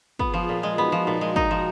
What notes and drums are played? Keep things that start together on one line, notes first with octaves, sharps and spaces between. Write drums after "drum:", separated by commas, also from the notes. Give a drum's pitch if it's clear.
B3 F4 G#4, drum: kick
F3
A#2
G#3
B3 D#4 F#4
F3
A#2 F#4 A#4
G#3
D#4 F#4 A#4, drum: kick
F3